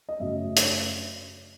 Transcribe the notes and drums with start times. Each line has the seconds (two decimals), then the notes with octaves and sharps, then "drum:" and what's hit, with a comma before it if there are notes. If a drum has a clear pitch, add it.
0.09 D#5
0.20 F#2 C#3 F#3 A3 E5
0.57 drum: hi-hat